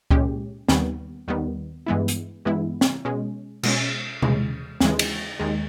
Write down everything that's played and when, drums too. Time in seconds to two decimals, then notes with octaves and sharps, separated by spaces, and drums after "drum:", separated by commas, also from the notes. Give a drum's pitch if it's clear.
0.11 A#2 G#3 C#4 G4, drum: kick C#2
0.69 D#2 D#3 G3 B3, drum: snare
1.28 D#2 D#3 G3 B3
1.86 G2 E3 G#3 B3 E4
2.08 drum: hi-hat
2.45 G2 E3 G#3 B3 E4
2.81 drum: snare
3.05 B2 G#3 C#4
3.63 B2 G#3 C#4, drum: cymbal
4.22 D#2 C#3 E3 G#3, drum: tom B2
4.80 D#2 C#3 E3 G#3, drum: snare
4.99 drum: cymbal
5.40 D#2 D#3 G#3